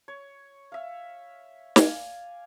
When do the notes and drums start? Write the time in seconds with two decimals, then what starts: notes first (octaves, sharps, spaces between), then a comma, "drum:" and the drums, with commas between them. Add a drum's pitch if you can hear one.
0.08 C#5
0.72 E5 F5
1.76 D5 F5 G#5, drum: snare